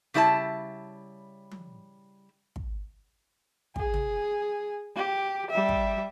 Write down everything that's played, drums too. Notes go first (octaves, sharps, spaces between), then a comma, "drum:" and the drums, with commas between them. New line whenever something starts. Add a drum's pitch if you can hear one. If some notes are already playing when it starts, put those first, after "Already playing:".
C#3 G3 E4 B4 A5
drum: tom F3
drum: kick
G#4, drum: kick
drum: tom
G4
G3 E5
drum: kick